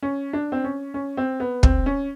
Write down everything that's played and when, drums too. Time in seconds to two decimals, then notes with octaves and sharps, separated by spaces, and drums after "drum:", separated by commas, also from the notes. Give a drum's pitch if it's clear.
0.03 C#4
0.33 D4
0.52 C4
0.64 C#4
0.94 C#4
1.17 C4
1.40 B3
1.63 C4, drum: kick
1.86 C#4